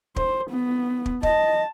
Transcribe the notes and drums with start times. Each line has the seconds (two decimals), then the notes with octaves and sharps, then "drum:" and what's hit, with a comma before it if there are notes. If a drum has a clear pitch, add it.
0.16 C5, drum: kick
0.50 B3
1.06 drum: kick
1.23 D#5 A5, drum: kick